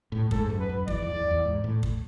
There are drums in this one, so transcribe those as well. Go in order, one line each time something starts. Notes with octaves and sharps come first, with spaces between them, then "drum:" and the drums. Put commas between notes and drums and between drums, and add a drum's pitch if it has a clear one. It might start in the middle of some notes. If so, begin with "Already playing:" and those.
A2
G#2 A4, drum: kick
F#2
B4
F#2
E2 D5, drum: kick
E2
E2
E2
G#2
A2
drum: kick